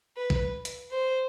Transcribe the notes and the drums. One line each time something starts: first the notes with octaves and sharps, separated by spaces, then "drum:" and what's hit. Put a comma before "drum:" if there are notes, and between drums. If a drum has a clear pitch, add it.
B4
drum: kick
drum: hi-hat
C5